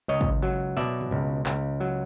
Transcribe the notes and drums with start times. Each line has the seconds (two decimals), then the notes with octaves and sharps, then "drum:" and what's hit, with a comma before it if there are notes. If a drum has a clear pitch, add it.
0.08 C#2 C#5 D#5
0.21 drum: kick
0.42 F#3
0.77 B2 D5 E5
1.01 drum: tom
1.11 C#2
1.46 C#2, drum: clap
1.80 F#3